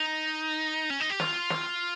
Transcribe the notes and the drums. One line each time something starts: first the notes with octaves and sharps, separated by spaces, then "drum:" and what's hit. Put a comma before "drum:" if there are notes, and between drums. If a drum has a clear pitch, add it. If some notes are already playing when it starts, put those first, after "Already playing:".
Already playing: D#4
C#4
D#4
G4
F4, drum: snare
drum: snare